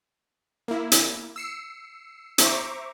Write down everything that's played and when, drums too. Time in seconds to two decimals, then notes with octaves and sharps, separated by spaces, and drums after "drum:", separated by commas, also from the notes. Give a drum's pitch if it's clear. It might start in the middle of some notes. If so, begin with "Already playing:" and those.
0.68 A#3 E4
0.92 drum: hi-hat
1.36 E6 C7 C#7
2.38 C5 E5 A#5 C#6 D6, drum: hi-hat